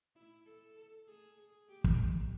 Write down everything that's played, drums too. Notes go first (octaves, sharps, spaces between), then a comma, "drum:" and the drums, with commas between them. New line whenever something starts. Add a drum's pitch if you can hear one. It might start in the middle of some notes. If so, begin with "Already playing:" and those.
E4
A4
A4
G#4
G#4
G4
drum: kick